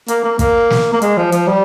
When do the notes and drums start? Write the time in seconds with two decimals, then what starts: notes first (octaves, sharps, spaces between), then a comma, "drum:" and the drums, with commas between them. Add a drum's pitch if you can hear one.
0.08 A#3, drum: hi-hat
0.24 A#3
0.39 A#3, drum: kick, hi-hat
0.70 drum: snare
0.93 A#3
1.02 G#3, drum: hi-hat
1.17 F3
1.32 F3, drum: hi-hat
1.47 G3